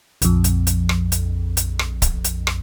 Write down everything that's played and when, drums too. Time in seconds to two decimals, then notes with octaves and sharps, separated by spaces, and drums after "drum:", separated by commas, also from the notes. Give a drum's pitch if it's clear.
0.22 A#1 F2, drum: hi-hat
0.44 drum: hi-hat
0.67 drum: hi-hat
0.89 drum: rim click
1.12 drum: hi-hat
1.57 drum: hi-hat
1.79 drum: rim click
2.02 drum: kick C#1, hi-hat
2.24 drum: hi-hat
2.47 drum: rim click